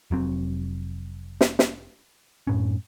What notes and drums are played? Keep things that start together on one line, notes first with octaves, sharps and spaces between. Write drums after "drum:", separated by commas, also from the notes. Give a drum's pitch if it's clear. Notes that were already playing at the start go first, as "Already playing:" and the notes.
F1 F#3 C4
drum: snare
drum: snare
F#2 A2 C#4